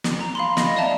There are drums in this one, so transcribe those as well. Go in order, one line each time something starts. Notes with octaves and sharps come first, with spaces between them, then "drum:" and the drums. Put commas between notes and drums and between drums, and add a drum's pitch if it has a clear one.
drum: snare
A#5
F5 B5 C6
D#5 B5 A#6, drum: snare
D5 E5 F5 A5 A#5